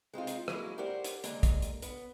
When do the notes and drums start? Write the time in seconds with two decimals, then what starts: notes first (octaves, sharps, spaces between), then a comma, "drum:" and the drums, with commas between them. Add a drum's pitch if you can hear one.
0.13 G#3 C4 D#4 F4
0.27 drum: hi-hat
0.48 F#3 G#3 A#3 E4, drum: rim click
0.78 G4 A#4 C5 D5 F#5
1.04 drum: hi-hat
1.24 D3 G3 G#3 A#3, drum: hi-hat
1.43 drum: kick, hi-hat
1.62 drum: hi-hat
1.82 B3, drum: hi-hat